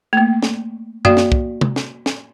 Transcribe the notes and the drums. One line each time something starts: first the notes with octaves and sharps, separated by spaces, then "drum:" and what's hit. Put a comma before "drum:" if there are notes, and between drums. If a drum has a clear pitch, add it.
A3 A#3
drum: snare
A#3 F#4 D5 F5, drum: tom F#2
drum: snare
drum: kick
drum: tom
drum: snare
drum: snare